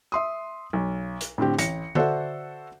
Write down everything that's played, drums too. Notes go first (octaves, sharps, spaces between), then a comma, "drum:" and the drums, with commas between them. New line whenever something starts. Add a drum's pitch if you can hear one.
E5 C6 D#6
B1
drum: hi-hat
A2 D3 C4 G4
A1 A#6 C#7, drum: hi-hat
F#4 A4 C5 D5 E5 F#5, drum: tom D3